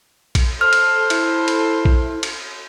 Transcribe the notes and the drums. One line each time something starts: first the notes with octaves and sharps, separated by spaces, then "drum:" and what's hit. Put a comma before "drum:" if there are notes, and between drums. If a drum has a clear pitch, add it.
drum: kick A#1, cymbal
A4 C5 F6
drum: cymbal
E4, drum: cymbal
drum: cymbal
drum: kick A#1
drum: cymbal